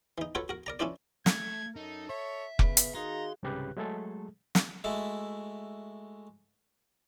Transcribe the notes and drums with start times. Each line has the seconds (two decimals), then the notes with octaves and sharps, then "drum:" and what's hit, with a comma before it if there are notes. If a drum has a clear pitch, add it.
0.18 E3 D#4
0.35 F4 F#4 A4 B4 C#5
0.49 F#4 A#4
0.66 A#4 D5 A#5
0.79 C#4 D4 E4 F4 B4 D5
1.26 A3 G#6, drum: snare
1.76 F#2 D#4 A4
2.10 C#5 E5
2.59 C#3 B3 B4, drum: kick F1
2.77 drum: hi-hat
2.95 D#3 D#4 F#4 G#4 F5 A#5 C6
3.43 C2 G#2 C#3 G4 B4 F#6
3.77 F#3 G#3 A3 G#4 A4
4.55 drum: snare
4.84 G#3 A3 E4 F#4